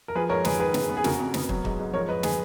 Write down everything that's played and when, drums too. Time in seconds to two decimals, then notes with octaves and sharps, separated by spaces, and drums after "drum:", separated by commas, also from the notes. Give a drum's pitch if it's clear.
0.08 A#4
0.15 F3 G#4 B4
0.30 G#2 A#4 C#5
0.45 G#2 G#4 B4, drum: snare
0.59 D#3 G#4 B4
0.74 F#2, drum: snare
0.90 B3
0.97 G#4
1.04 C#3 F#4 A#4, drum: snare
1.20 F2
1.34 B3, drum: snare
1.49 F#3, drum: kick
1.65 G#2, drum: kick
1.79 G#2
1.93 F3 A#4 C#5
2.09 G#2 B4 D#5
2.23 G#4 B4, drum: snare